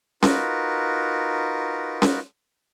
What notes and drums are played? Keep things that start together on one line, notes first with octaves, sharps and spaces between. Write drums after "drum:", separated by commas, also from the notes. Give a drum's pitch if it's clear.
D#4 F4 F#4 A#4 B4, drum: snare C#4
drum: snare C#4